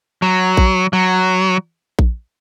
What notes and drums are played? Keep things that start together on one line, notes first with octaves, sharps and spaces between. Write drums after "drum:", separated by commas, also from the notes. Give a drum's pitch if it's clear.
F#3
drum: kick A#1
F#3
drum: kick A#1